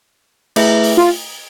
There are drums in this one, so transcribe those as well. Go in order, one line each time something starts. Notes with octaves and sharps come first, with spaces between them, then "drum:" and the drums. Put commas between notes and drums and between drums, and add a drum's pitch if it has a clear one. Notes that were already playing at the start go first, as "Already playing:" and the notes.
A3 E4 G#4 B4 E5, drum: cymbal
drum: open hi-hat
F4